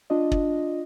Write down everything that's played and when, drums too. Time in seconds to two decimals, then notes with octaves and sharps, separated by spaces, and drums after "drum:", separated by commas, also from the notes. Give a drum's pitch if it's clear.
0.10 D4 F4 D#5
0.32 drum: kick